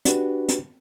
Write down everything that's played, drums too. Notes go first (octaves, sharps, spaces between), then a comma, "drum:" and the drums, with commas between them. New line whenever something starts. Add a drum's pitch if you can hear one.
D4 F#4 G4 B4, drum: hi-hat
drum: hi-hat